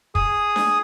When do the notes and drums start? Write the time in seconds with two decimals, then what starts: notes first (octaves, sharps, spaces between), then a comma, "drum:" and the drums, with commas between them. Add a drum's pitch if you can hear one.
0.15 G#4 D#6, drum: kick
0.56 drum: snare D4